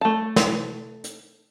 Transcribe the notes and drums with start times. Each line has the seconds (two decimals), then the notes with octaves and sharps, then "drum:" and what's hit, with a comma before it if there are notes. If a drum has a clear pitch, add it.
0.01 A3 A5
0.36 drum: snare
1.04 drum: hi-hat